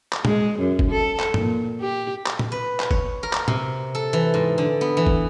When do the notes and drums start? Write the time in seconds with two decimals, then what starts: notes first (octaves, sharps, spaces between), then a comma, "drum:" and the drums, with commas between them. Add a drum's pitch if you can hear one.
0.12 drum: clap
0.25 G#3, drum: tom A#2
0.59 F#2
0.79 drum: kick
0.91 A4
1.19 drum: clap
1.34 A#2, drum: tom G2
1.80 G4
2.26 drum: clap
2.39 drum: tom A#2
2.52 B4
2.79 drum: clap
2.91 C#5, drum: kick
3.23 A#4
3.33 drum: clap
3.48 C3, drum: tom A#2
3.95 A4
4.13 E3
4.34 G#2
4.58 D3
4.81 B3
4.97 E3
5.07 drum: kick